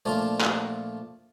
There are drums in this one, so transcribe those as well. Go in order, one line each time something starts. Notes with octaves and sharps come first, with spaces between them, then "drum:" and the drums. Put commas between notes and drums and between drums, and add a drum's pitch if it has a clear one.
A#2 F3 A3 D4 F4
drum: clap